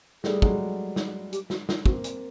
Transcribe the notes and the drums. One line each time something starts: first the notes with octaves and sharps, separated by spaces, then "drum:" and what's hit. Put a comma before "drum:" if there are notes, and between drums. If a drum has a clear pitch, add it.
G3 A3 G#4, drum: snare
F#3 G#3, drum: kick
drum: snare
G4, drum: hi-hat
F#4, drum: snare
F4, drum: snare
A#3 C4 F#4, drum: kick
drum: hi-hat